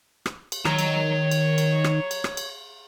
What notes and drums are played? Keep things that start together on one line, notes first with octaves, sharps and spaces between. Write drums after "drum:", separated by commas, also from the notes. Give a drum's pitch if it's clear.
drum: rim click
drum: cymbal
D#3 C#5 A#5, drum: rim click
drum: cymbal
drum: cymbal
drum: cymbal
drum: rim click
drum: cymbal
drum: rim click
drum: cymbal